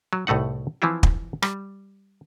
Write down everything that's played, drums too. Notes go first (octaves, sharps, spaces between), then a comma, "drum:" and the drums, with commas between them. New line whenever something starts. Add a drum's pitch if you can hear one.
F#3
C2 A2 A3 D#4 F#5
E3 F3 C4 E4 F4
drum: kick
G3, drum: rim click